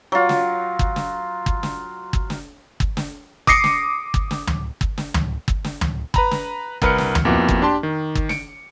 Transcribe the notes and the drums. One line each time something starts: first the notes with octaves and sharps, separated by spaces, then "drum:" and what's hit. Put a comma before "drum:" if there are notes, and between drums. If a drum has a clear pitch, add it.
F#3 F4
drum: snare
drum: kick G1
drum: snare
drum: kick G1
drum: snare
drum: kick G1
drum: snare
drum: kick G1
drum: snare
D6 D#6 A#6 C7 C#7, drum: kick G1
drum: snare
drum: kick G1
drum: snare
drum: tom
drum: kick G1
drum: snare
drum: tom
drum: kick G1
drum: snare
drum: tom
B4 A#5 B5, drum: kick G1
drum: snare
C2 A#4 B4 F6 C#7, drum: kick G1
drum: snare
drum: tom
F2 A#3 B3 E4 F#4 D6
drum: kick G1
D4 G4 A5 C6
D#3
drum: kick G1
C#7 D7, drum: snare